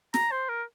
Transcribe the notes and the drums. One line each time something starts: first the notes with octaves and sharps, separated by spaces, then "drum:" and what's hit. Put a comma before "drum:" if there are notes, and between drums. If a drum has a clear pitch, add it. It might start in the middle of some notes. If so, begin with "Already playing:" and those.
A#5, drum: snare
C5
A#4